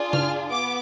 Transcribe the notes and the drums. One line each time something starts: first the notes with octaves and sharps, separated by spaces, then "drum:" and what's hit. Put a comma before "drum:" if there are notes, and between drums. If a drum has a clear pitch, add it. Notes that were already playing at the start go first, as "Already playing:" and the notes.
Already playing: D4 F4 G#4
F6, drum: tom C#3
B3 D6